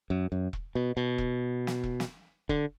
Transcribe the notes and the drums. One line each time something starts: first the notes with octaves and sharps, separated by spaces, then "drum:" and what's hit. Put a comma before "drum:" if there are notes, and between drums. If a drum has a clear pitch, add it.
F#2
F#2
drum: kick E1
B2
B2
drum: kick E1
drum: snare
drum: kick E1
drum: snare
D3, drum: kick E1